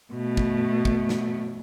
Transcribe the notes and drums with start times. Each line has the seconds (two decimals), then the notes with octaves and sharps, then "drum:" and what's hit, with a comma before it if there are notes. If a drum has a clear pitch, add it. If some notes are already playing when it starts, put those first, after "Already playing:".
0.13 B2 A3
0.37 drum: kick
0.85 drum: kick
1.09 drum: snare